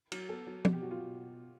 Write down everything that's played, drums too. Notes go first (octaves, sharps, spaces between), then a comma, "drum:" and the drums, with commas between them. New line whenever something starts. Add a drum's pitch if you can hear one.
F#3, drum: cymbal
B3 A4
F#3
B2, drum: tom
G4
F#3 F#4
F4
B2